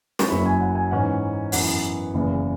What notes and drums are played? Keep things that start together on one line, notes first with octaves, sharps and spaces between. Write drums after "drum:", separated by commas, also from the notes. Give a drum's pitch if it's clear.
C#6, drum: snare
F#1 F#2 F#3 E4 B5
G#5
F#5
G#5
G#2 E3 C#4 F#5
F#2 E3 B3 F#5, drum: open hi-hat
F#1 E2 C#3